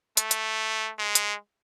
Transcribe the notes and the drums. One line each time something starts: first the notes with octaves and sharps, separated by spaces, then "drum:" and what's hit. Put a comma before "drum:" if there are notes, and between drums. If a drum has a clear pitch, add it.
A3, drum: hi-hat
drum: hi-hat
G#3
drum: hi-hat